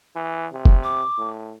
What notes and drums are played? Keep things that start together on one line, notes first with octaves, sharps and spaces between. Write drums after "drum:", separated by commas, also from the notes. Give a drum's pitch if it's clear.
E3
C3
drum: kick F#1
D6
A2